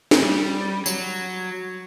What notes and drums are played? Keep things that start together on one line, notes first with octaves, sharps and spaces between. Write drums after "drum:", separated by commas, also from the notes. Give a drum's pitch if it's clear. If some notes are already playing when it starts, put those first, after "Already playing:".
drum: snare
G3
F#3, drum: tambourine